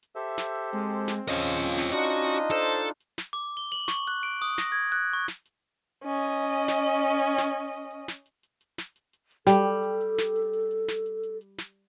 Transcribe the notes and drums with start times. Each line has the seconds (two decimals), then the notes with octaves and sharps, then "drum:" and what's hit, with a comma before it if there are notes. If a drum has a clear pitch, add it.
0.03 drum: hi-hat
0.15 G4 A4 C5 E5
0.38 drum: snare
0.55 drum: hi-hat
0.73 G#3 C4, drum: hi-hat
1.08 drum: snare
1.28 C#3 F3 C#4 F4 D#5
1.43 drum: hi-hat
1.60 drum: hi-hat
1.78 drum: snare
1.93 D4 D#4 F4 F#4 D#5, drum: hi-hat
2.13 drum: hi-hat
2.30 drum: hi-hat
2.51 A4 C5
2.65 drum: hi-hat
2.83 drum: hi-hat
3.00 drum: hi-hat
3.18 drum: snare
3.33 D6, drum: hi-hat
3.57 G7
3.72 F#7, drum: hi-hat
3.88 C#6, drum: snare
4.07 F#6
4.23 D7, drum: hi-hat
4.42 D#6, drum: hi-hat
4.58 A#6, drum: snare
4.72 G#6
4.92 F#6, drum: hi-hat
5.13 C#6, drum: hi-hat
5.28 drum: snare
5.45 drum: hi-hat
6.04 C#4 D#5
6.16 drum: hi-hat
6.33 drum: hi-hat
6.51 drum: hi-hat
6.68 drum: snare
6.86 drum: hi-hat
7.03 drum: hi-hat
7.21 drum: hi-hat
7.38 drum: snare
7.73 drum: hi-hat
7.91 drum: hi-hat
8.08 drum: snare
8.26 drum: hi-hat
8.43 drum: hi-hat
8.61 drum: hi-hat
8.78 drum: snare
8.96 drum: hi-hat
9.13 drum: hi-hat
9.31 drum: hi-hat
9.47 G3 A4, drum: snare
9.83 drum: hi-hat
10.01 drum: hi-hat
10.18 drum: snare
10.36 drum: hi-hat
10.53 drum: hi-hat
10.71 drum: hi-hat
10.88 drum: snare
11.06 drum: hi-hat
11.23 drum: hi-hat
11.41 drum: hi-hat
11.58 drum: snare